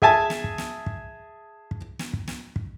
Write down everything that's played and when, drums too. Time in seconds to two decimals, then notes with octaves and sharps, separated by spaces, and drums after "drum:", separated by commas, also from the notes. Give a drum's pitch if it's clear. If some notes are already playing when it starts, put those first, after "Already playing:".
0.02 G#4 E5 G#5 A5, drum: kick
0.30 drum: snare
0.44 drum: kick
0.58 drum: snare
0.86 drum: kick
1.71 drum: kick
1.99 drum: snare
2.13 drum: kick
2.28 drum: snare
2.56 drum: kick